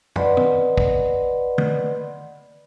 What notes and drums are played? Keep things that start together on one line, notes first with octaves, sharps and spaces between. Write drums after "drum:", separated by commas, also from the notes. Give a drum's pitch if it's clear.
B4 D5 D#5 F#5 B5 C6, drum: tom
drum: tom
drum: kick
drum: tom